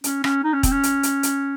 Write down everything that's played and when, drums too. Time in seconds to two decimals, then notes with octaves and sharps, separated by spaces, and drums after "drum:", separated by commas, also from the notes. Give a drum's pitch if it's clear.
0.04 C#4, drum: hi-hat
0.24 C#4, drum: rim click
0.44 D#4
0.53 C#4
0.63 C4, drum: kick E1, hi-hat
0.72 C#4
0.83 drum: hi-hat
1.03 drum: hi-hat
1.23 drum: hi-hat